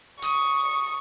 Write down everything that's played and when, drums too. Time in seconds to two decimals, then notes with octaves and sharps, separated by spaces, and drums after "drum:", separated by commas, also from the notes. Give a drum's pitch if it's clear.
0.22 C#6 D#6, drum: hi-hat